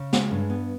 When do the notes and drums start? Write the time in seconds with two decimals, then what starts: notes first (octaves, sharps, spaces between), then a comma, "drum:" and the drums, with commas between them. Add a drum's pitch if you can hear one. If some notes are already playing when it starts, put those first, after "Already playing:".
Already playing: C#3
0.13 G#3, drum: snare
0.31 G2
0.50 B3